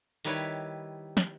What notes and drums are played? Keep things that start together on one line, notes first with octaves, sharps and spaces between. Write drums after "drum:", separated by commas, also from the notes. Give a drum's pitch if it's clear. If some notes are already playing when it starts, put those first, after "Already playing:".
D#3 G3 E4 B4 C#5, drum: open hi-hat
drum: snare